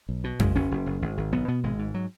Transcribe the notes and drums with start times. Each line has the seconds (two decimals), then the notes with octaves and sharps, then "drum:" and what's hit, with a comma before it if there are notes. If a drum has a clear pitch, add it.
0.09 B1
0.24 B2
0.39 F#1 G#3, drum: tom F2
0.56 F#1 C#4
0.71 F#1
0.86 F#1
1.02 G#1
1.17 G#1
1.32 B1 B3
1.48 B2 B3
1.63 G#1 G#3
1.79 G#2
1.94 F#3